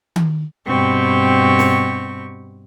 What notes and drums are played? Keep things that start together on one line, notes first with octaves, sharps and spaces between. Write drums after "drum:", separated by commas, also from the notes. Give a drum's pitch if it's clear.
drum: tom D#3
G2 B2 C4 G4 C#6
drum: snare